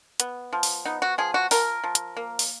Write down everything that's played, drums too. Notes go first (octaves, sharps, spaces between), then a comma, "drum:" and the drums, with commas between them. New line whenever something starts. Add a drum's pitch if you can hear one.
B3, drum: hi-hat
F3
drum: open hi-hat
B3 D#4
F#4
F3 G#4
F#4
F3 A#4, drum: open hi-hat
F3
drum: hi-hat
A#3
drum: open hi-hat